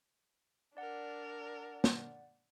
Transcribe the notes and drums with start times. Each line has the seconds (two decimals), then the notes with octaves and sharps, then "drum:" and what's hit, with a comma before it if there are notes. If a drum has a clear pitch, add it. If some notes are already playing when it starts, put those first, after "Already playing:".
0.77 D4 A#4 D5 F#5
1.84 drum: snare